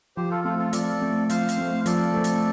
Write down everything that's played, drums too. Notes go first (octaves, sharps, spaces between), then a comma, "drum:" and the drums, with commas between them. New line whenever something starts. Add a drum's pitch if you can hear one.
F3 G4 C5
F4 A4
A3 C4 F4 A4
F4 A4
F3 A4 D5, drum: hi-hat
A3 C4
F3 C5 F5, drum: hi-hat
drum: hi-hat
A3 C4
F3 A4 D5, drum: hi-hat
A3 C4
drum: hi-hat